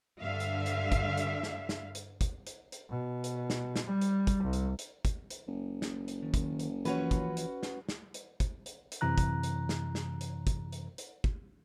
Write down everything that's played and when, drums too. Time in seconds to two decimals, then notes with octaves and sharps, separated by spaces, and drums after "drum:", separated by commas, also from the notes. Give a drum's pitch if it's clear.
0.20 G2 D3 E5 F5
0.40 drum: hi-hat
0.66 drum: hi-hat
0.92 drum: kick, hi-hat
1.18 drum: hi-hat
1.43 drum: snare
1.69 drum: snare
1.95 drum: hi-hat
2.21 drum: kick, hi-hat
2.47 drum: hi-hat
2.72 drum: hi-hat
2.90 B2
3.24 drum: hi-hat
3.50 drum: snare
3.76 drum: snare
3.85 G3
4.01 drum: hi-hat
4.27 drum: kick, hi-hat
4.43 C2
4.53 drum: hi-hat
4.79 drum: hi-hat
5.05 drum: kick, hi-hat
5.30 drum: hi-hat
5.47 F#1
5.82 drum: snare
6.08 drum: hi-hat
6.22 D#3
6.34 drum: kick, hi-hat
6.60 drum: hi-hat
6.85 E3 F3 C#4 F#4 B4 C#5, drum: hi-hat
7.11 drum: kick, hi-hat
7.37 drum: hi-hat
7.63 drum: snare
7.89 drum: snare
8.14 drum: hi-hat
8.40 drum: kick, hi-hat
8.66 drum: hi-hat
8.92 drum: hi-hat
9.01 F#2 C3 E3 A#5 F#6
9.18 drum: kick, hi-hat
9.43 drum: hi-hat
9.69 drum: snare
9.95 drum: snare
10.21 drum: hi-hat
10.47 drum: kick, hi-hat
10.72 drum: hi-hat
10.98 drum: hi-hat
11.24 drum: kick